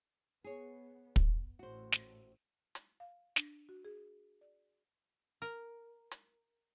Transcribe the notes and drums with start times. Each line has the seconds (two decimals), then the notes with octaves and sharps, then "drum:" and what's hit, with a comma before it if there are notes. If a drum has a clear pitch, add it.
0.44 B3 G#4 C#5
1.16 drum: kick
1.59 A1 A2 F#4 C5
1.92 drum: snare
2.75 drum: hi-hat
3.00 F5
3.36 D4, drum: snare
3.69 F#4
3.85 G#4
4.41 D5
5.42 A#4
6.11 drum: hi-hat